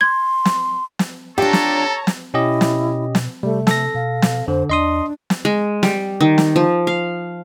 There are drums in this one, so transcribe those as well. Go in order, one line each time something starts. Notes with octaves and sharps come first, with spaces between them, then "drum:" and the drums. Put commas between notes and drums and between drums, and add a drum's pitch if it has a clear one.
C6 G#6
drum: snare
drum: snare
D4 F4 G4 A4 C#5 A5 A#5
drum: snare
drum: snare
B2 C#4 E4 G4 D#5
drum: snare
drum: snare
C3 G3 A3
A4 A#6, drum: snare
B2 F5
drum: snare
F2 D3 C5
E2 D4 D#5 C6 D#6
drum: snare
G#3
G3, drum: snare
D#3
drum: snare
F3
F5